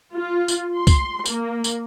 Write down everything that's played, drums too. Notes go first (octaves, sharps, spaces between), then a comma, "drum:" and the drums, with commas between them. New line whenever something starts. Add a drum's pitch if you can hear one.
F4
drum: tambourine
C6
drum: kick, tambourine
A#3, drum: tambourine
drum: tambourine